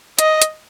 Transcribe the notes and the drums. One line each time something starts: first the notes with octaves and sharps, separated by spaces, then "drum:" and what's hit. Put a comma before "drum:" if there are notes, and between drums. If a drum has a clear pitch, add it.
D#5, drum: hi-hat
drum: hi-hat